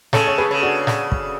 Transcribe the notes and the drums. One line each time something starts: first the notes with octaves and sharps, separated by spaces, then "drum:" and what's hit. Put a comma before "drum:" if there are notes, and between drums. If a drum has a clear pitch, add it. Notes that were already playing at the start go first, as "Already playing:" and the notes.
C#3 A4 C#5, drum: snare
C#5
G#4 B4
C#3
D4 F#4
drum: snare
drum: kick